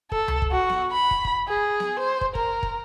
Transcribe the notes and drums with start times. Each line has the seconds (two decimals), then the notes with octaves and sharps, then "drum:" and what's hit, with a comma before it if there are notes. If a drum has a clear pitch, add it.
0.12 A4, drum: kick
0.28 drum: tom C#2
0.42 drum: kick
0.52 F#4
0.69 drum: snare B3
0.92 B5
1.11 drum: kick
1.25 drum: kick
1.48 G#4
1.80 drum: snare B3
2.00 C5
2.21 drum: kick
2.35 A#4, drum: kick
2.63 drum: kick